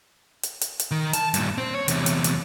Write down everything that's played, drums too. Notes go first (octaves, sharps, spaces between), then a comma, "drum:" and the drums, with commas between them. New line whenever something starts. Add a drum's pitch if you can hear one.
drum: hi-hat
drum: hi-hat
drum: hi-hat
D#3
A5, drum: hi-hat
G2 A#2, drum: hi-hat
C4 C5
C#5
E2 C3, drum: hi-hat
drum: hi-hat
drum: hi-hat